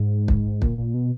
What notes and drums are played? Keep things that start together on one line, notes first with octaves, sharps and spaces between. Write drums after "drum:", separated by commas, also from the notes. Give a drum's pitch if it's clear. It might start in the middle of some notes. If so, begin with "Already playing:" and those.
Already playing: G#2
drum: kick
A#2, drum: kick
A#2
B2